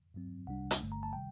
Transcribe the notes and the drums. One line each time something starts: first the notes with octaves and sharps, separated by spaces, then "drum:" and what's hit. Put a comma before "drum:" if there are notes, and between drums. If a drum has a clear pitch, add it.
G2 F#3 C4
C2 C3 G3 D4 F#5
drum: hi-hat
G1 G2 D3 A3
A#5
A5
C3 D#3 G3 G5